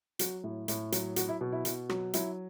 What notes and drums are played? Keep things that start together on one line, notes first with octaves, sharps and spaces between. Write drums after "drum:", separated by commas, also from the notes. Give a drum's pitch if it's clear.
F#3 F#4, drum: hi-hat
A2
A2, drum: hi-hat
F#3, drum: hi-hat
F#3 F#4, drum: hi-hat
E4
B2
E4
B2, drum: hi-hat
F#3, drum: rim click
F#3 E4, drum: hi-hat